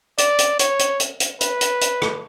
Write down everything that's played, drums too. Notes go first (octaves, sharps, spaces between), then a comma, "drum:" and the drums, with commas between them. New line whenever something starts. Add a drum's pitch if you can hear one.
D5, drum: hi-hat
drum: hi-hat
C#5, drum: hi-hat
drum: hi-hat
drum: hi-hat
drum: hi-hat
B4, drum: hi-hat
drum: hi-hat
drum: hi-hat
drum: rim click